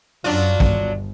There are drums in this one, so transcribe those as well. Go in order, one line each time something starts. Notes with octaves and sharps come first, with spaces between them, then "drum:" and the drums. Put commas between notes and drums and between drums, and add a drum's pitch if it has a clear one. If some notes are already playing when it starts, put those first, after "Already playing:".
F#2 F#3 D4 F4
G1, drum: kick